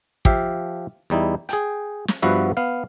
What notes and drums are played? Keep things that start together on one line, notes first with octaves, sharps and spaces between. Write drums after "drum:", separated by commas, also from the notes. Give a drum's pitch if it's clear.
F3 G4 E5 F5, drum: kick
E2 G3 D#4 E4
G#4 G5, drum: hi-hat
drum: snare
G2 F3 B3 F#4 B4 E5
B3 F5